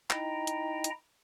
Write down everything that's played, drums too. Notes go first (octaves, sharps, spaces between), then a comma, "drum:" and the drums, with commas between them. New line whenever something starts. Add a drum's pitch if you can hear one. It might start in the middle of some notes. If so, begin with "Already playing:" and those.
D#4 E4 D#5 G5 A#5, drum: clap
drum: hi-hat
drum: hi-hat